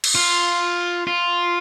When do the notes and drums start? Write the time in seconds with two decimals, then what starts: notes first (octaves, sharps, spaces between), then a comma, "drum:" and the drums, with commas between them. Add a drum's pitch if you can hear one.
0.04 drum: cymbal
0.15 F4
1.07 F4